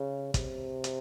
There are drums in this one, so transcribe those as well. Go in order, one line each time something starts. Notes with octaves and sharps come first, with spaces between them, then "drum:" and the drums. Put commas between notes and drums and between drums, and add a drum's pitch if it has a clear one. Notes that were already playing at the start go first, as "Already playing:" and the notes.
Already playing: C#3
C3, drum: kick, hi-hat
drum: hi-hat